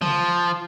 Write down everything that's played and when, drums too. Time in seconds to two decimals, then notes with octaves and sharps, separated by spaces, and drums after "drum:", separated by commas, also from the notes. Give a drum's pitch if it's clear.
0.01 F3, drum: tom